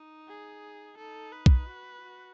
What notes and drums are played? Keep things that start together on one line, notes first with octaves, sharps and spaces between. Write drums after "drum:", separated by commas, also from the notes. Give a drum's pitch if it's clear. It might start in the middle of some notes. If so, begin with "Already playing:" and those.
Already playing: D#4
G#4
D#4 A4
B4
drum: kick B1
F#4
F#4